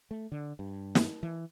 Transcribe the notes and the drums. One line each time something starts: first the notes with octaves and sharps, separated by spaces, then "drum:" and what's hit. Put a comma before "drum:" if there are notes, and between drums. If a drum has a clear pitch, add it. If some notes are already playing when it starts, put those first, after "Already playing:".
A3
D3
G2
drum: snare
E3